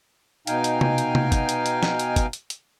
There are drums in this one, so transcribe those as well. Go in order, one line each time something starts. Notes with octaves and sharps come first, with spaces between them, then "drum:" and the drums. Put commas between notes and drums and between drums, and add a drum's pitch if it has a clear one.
B2 D#4 F5 G5 G#5, drum: hi-hat
drum: hi-hat
drum: tom C3
drum: hi-hat
drum: tom C3
drum: kick G1, hi-hat
drum: hi-hat
drum: hi-hat
drum: snare
drum: hi-hat
drum: kick G1, hi-hat
drum: hi-hat
drum: hi-hat